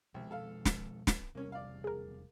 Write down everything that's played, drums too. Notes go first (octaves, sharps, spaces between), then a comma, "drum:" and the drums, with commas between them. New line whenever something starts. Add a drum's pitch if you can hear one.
C2 B2 F3 G#3
A4 F5
drum: snare
drum: snare
E1 C3 G3 A#3 C#4
D5 F5
G#4 A#4